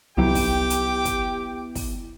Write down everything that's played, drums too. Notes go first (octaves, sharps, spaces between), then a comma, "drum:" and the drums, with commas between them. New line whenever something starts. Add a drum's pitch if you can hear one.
C2 F#3 B3 E4 G4 G5 D6
drum: kick, open hi-hat
drum: hi-hat
drum: kick, hi-hat
drum: kick, open hi-hat